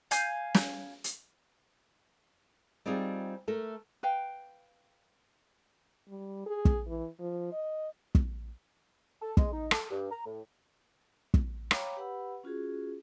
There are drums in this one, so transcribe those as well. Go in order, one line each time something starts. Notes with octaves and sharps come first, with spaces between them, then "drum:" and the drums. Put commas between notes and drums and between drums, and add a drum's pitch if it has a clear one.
F5 G#5 G6, drum: hi-hat
drum: snare
drum: hi-hat
G3 C4 D#4 F4 G#4
A3 A4 A#4
B4 F5 G5
G3
G#4
drum: kick
E3
F3
D#5
drum: kick
A4
G#3, drum: kick
D#4
A4, drum: rim click
G2
A#5
A2
drum: kick
C#5 F5 G5 A#5 B5 D6, drum: rim click
G4 B4 F#5 B5 E6
C#4 F4 F#4 G#4